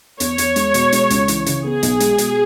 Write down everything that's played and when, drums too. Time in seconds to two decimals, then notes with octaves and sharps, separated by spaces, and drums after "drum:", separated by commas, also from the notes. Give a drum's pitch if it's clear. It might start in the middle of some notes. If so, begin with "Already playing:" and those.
0.20 E2 C#5, drum: hi-hat
0.38 E2, drum: hi-hat
0.56 G#3, drum: hi-hat
0.74 B2, drum: hi-hat
0.92 G#3, drum: hi-hat
1.10 C#2, drum: hi-hat
1.28 E3, drum: hi-hat
1.46 C#3, drum: hi-hat
1.64 B3 G#4
1.83 B1, drum: hi-hat
2.00 G#3, drum: hi-hat
2.18 B2, drum: hi-hat